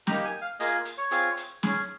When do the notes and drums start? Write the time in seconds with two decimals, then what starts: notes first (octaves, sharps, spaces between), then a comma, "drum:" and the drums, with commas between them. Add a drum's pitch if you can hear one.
0.07 A#3 D#4 G4 A#5, drum: snare
0.25 G#5
0.42 F5
0.60 A#3 F4 G#4 D#5, drum: hi-hat
0.85 drum: hi-hat
0.98 C#5
1.11 C4 F4 G#4, drum: hi-hat
1.37 drum: hi-hat
1.63 C#4 G#4, drum: snare